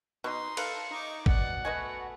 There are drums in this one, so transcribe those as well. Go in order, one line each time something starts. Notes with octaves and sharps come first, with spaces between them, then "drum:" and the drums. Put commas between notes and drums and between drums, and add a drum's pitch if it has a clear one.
B2 D#4 C6
A4 B4 F5 C#7, drum: cymbal
D#4 C#6 D6
B2 D5 F#5, drum: kick
A3 B3 F#4 B4 D#5 G#5